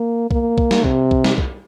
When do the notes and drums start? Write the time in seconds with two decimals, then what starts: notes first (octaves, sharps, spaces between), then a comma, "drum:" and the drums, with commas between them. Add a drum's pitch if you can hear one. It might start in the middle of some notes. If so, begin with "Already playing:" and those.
Already playing: A#3
0.31 A#3, drum: kick B1
0.58 drum: kick B1
0.71 drum: snare
0.84 C3, drum: kick B1
1.11 drum: kick B1
1.24 drum: snare
1.38 drum: kick B1